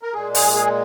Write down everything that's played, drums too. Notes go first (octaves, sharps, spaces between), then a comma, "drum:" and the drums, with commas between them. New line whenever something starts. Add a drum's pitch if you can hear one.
A#4
A#2 G#3 G#4
G#4, drum: open hi-hat
G#4